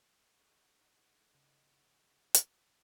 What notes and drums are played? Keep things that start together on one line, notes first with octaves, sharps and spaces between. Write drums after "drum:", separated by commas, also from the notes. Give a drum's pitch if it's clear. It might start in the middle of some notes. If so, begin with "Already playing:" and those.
D3 G#3 D#4 F#4
C#3
drum: hi-hat